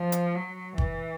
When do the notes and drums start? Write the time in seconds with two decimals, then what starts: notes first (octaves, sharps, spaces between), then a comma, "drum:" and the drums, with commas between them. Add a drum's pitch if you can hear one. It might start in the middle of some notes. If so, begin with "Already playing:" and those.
Already playing: F3
0.12 drum: hi-hat
0.35 F#3
0.78 E3, drum: kick